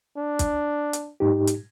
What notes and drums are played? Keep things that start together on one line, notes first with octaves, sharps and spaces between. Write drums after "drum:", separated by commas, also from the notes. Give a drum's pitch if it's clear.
D4
drum: kick, hi-hat
drum: hi-hat
G#2 D#4 G4
drum: hi-hat